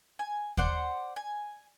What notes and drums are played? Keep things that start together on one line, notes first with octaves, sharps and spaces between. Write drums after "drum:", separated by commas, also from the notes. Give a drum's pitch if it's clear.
G#5
C5 D5 F#5 C6, drum: kick D#2
G#5